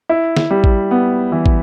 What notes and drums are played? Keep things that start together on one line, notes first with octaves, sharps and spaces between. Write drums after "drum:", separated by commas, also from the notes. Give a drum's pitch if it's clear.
E4
drum: snare
G3
drum: kick
B3
E3
drum: kick